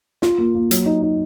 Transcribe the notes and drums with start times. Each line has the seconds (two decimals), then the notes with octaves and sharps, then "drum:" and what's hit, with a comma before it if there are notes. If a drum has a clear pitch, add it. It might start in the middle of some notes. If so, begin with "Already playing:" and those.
0.22 F4, drum: snare
0.38 A#3
0.55 A#3
0.71 F#3, drum: hi-hat
0.86 D#4
1.02 D#4